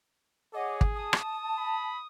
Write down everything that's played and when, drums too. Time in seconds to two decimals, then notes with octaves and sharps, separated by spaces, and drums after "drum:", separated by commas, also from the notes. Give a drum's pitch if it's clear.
0.54 G#4 C#5 D#5 F#5 D6
0.81 drum: kick
0.95 A5 D#6
1.13 drum: rim click
1.57 B5